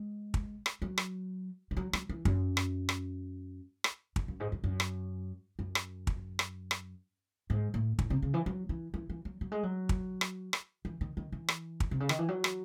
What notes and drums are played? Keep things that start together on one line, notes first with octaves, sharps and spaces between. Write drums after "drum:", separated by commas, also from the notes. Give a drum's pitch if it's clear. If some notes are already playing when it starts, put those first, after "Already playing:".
Already playing: G#3
drum: kick
drum: rim click
F#3
drum: rim click
E3
F#3
F#3, drum: rim click
E3
F#2, drum: kick
drum: rim click
drum: rim click
drum: rim click
E2, drum: kick
F#2
G#2
F#2
F#2
drum: rim click
F#2
drum: rim click
drum: kick
drum: rim click
drum: rim click
G#2
A2
A2, drum: kick
C3
C#3
E3
F#3
E3
E3
E3
F#3
F#3
G#3
F#3
drum: kick
drum: rim click
drum: rim click
E3
D#3
D#3
E3
drum: rim click
drum: kick
C3
C#3
D#3, drum: rim click
E3
F#3
drum: rim click